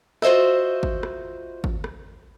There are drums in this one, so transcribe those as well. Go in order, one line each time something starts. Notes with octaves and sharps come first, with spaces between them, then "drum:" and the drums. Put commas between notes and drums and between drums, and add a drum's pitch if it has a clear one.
F4 F#4 C5 D#5 E5, drum: rim click
drum: kick G#1
drum: rim click
drum: kick G#1
drum: rim click